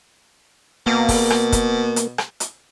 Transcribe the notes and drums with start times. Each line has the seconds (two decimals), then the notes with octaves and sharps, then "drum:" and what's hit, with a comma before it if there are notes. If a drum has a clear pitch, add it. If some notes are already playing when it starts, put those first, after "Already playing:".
0.87 B2 A#3
1.08 drum: kick, open hi-hat
1.30 drum: rim click
1.52 drum: kick, hi-hat
1.96 drum: hi-hat
2.18 drum: rim click
2.40 drum: hi-hat